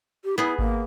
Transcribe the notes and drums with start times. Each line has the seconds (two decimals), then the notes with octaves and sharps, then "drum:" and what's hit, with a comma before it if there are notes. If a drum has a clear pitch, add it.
0.24 G4
0.38 B3 E4 G#4
0.59 A#3, drum: kick G#1